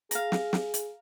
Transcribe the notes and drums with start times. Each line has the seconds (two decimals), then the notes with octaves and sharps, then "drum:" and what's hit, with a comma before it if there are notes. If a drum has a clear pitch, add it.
0.11 G#4 F5 A#5, drum: hi-hat
0.32 drum: snare
0.53 drum: snare
0.74 drum: hi-hat